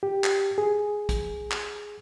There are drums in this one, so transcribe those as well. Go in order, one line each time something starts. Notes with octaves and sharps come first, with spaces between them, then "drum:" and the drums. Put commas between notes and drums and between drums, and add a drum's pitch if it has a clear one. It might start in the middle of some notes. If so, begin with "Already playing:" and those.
G4
drum: clap
G#4
drum: kick, hi-hat
drum: clap